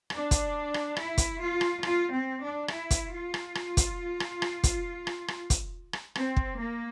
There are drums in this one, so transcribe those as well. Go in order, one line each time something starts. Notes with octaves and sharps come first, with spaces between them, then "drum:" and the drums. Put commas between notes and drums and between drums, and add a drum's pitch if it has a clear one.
D4, drum: rim click
drum: kick, hi-hat
drum: rim click
E4, drum: rim click
drum: kick, hi-hat
F4
drum: rim click
F4, drum: rim click
C4
D4
E4, drum: rim click
drum: kick, hi-hat
F4
drum: rim click
drum: rim click
drum: kick, hi-hat
drum: rim click
drum: rim click
drum: kick, hi-hat
drum: rim click
drum: rim click
drum: kick, hi-hat
drum: rim click
C4, drum: rim click
drum: kick
A#3